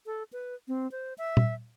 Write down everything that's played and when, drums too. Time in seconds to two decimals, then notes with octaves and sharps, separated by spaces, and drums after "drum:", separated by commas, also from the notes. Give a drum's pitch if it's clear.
0.06 A4
0.33 B4
0.68 C4
0.92 C5
1.18 E5
1.37 drum: tom A#2